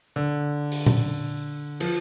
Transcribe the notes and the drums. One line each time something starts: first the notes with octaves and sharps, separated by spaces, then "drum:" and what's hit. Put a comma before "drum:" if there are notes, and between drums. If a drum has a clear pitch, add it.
D3
drum: open hi-hat
drum: tom A#2
F3, drum: cymbal